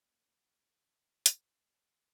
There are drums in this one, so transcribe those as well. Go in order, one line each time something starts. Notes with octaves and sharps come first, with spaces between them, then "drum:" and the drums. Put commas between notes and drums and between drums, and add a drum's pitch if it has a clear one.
F#3 A#3 C#4
drum: hi-hat